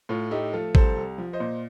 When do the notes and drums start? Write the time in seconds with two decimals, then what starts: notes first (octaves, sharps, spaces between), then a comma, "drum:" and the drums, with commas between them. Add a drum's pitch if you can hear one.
0.09 A2 F4 A4
0.31 A3 D#4 G4
0.53 F3 F4 A4
0.75 C2 A4 C5, drum: kick
0.96 C2
1.18 F3
1.33 C5 D#5
1.40 A#2